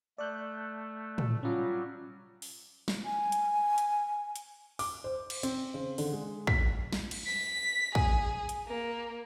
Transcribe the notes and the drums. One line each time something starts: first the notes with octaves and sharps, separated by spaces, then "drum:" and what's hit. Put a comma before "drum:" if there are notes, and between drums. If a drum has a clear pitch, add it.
A3 D5 F#6 G6
drum: tom
F#3 G3 C#4 F4
drum: open hi-hat
drum: snare
G#5
drum: hi-hat
drum: hi-hat
drum: hi-hat
D6, drum: open hi-hat
C5
drum: cymbal
C4, drum: hi-hat
C#3
D3, drum: open hi-hat
G#3
B6, drum: kick
drum: snare
drum: cymbal
B6
G#4, drum: kick
drum: hi-hat
A#3